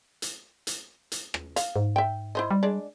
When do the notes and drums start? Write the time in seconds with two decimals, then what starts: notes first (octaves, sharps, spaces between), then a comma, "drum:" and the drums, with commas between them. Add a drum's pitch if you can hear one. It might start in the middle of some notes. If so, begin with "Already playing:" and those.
0.22 drum: hi-hat
0.67 drum: hi-hat
1.12 drum: hi-hat
1.34 drum: rim click
1.56 F5, drum: hi-hat
1.76 G#2
1.96 E5 G5
2.35 E4 C5 D#5
2.51 G3
2.63 G#3 D4 D5